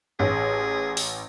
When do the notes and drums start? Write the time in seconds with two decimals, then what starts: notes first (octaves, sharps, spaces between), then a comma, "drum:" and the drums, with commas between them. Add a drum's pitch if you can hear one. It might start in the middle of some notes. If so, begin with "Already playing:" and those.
0.20 A1 G#4
0.97 drum: open hi-hat